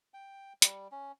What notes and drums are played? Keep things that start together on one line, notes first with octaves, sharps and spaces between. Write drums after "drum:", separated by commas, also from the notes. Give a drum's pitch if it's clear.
G5
G3, drum: hi-hat
C#4